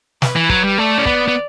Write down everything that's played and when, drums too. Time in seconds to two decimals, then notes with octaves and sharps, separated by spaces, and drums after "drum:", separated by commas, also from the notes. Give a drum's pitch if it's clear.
0.22 B4, drum: snare
0.36 E3
0.49 F#3, drum: kick
0.64 G3
0.78 A3 D5
0.98 C#4
1.06 B3, drum: kick
1.28 B3